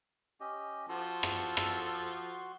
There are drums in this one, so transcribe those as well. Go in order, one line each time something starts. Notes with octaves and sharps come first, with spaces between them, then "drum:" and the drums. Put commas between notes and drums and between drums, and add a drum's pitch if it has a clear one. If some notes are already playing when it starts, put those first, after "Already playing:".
C#4 G4 D#5
F3 F#4 A4 C6
drum: rim click
drum: rim click